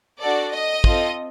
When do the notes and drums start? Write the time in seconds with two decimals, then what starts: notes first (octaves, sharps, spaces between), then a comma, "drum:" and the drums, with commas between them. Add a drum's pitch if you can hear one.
0.21 D4 F#4 A4 D5
0.52 D#5
0.84 C4 F4 A4, drum: kick